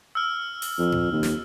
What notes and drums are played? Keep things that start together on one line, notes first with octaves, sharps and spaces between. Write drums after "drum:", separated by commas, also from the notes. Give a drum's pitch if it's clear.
E6 F6
drum: open hi-hat
F2
drum: tom A2
D#2
drum: snare